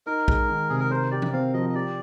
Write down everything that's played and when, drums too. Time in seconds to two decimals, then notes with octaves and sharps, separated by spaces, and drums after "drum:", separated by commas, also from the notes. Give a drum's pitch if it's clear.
0.06 D#4 A#4
0.28 G#3, drum: kick
0.49 D#3
0.69 C3 G#4
0.80 A#4
0.91 A#4 C5
1.11 G4 D5
1.22 drum: tom E3
1.33 C4 F5
1.54 F3 D#5
1.69 D#5
1.75 G4 D5